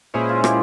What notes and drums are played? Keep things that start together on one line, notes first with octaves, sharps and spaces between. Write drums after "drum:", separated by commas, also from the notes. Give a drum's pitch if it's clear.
A#2 G#3 C#4 E4 G#4 C5
F4
G4, drum: rim click